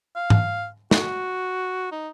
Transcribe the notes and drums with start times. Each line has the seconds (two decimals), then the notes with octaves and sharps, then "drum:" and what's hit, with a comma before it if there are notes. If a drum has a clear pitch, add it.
0.16 F5
0.30 drum: tom G#2
0.91 F#4, drum: snare
1.92 D#4